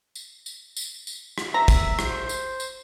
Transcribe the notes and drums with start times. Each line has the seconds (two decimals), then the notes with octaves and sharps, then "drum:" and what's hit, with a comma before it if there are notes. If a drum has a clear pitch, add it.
0.15 drum: tambourine
0.46 drum: tambourine
0.77 drum: tambourine
1.07 drum: tambourine
1.38 drum: rim click
1.54 E5 A#5
1.68 drum: kick, tambourine
1.99 C5, drum: rim click
2.29 drum: tambourine
2.60 drum: tambourine